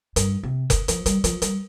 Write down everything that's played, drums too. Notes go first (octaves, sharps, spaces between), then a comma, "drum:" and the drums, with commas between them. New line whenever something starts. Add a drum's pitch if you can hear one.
G2, drum: hi-hat
C3
drum: kick F1, hi-hat
F3, drum: hi-hat
G3, drum: hi-hat
F3, drum: hi-hat
G3, drum: hi-hat